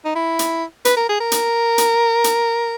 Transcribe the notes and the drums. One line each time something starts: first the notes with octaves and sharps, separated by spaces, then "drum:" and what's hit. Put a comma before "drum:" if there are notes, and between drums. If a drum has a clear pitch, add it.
D#4
E4
drum: hi-hat
B4, drum: hi-hat
A#4
G#4
A#4
drum: hi-hat
drum: hi-hat
drum: hi-hat